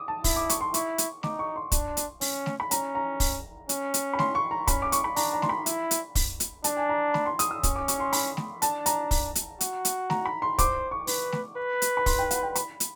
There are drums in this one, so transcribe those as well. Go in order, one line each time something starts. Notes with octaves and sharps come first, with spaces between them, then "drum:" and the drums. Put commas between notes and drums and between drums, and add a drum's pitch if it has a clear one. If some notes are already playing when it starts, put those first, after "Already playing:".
Already playing: D6 D#6
A5
E4, drum: kick, open hi-hat
D6
C#6, drum: hi-hat
C6
E4 C#6, drum: hi-hat
drum: hi-hat
D#4 D6, drum: snare A3
C#6
C6
D4, drum: kick, hi-hat
drum: hi-hat
C#4, drum: open hi-hat
drum: snare A3
B5
C#4 A#5, drum: hi-hat
A#5
drum: kick, open hi-hat
C#4, drum: hi-hat
drum: hi-hat
B5
C6, drum: snare A3
C#6
A#5
C#4 B5, drum: kick, hi-hat
D6
C#6, drum: hi-hat
B5
D4 A#5, drum: open hi-hat
A#5
C6, drum: snare A3
B5
E4, drum: hi-hat
drum: hi-hat
drum: kick, open hi-hat
drum: hi-hat
D4 A5, drum: hi-hat
G#5
A#5
B5, drum: snare A3
C6
D#6, drum: hi-hat
E6
C#4 D#6, drum: kick, hi-hat
D6
C#6, drum: hi-hat
C6
B5, drum: open hi-hat
drum: snare A3
D4 A5, drum: hi-hat
A#5, drum: hi-hat
drum: kick, open hi-hat
drum: hi-hat
F#4, drum: hi-hat
drum: hi-hat
A#5, drum: snare A3
B5
C6
C5 D6, drum: kick, hi-hat
C#6
B4, drum: open hi-hat
drum: snare A3
B4
drum: hi-hat
B5
C6, drum: kick, open hi-hat
G5
F#5, drum: hi-hat
G5
B5, drum: hi-hat
drum: hi-hat